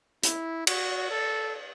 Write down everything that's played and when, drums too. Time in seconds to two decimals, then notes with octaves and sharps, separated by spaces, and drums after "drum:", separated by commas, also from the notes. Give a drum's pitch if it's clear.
0.23 E4, drum: hi-hat
0.67 F#4, drum: cymbal
1.11 A4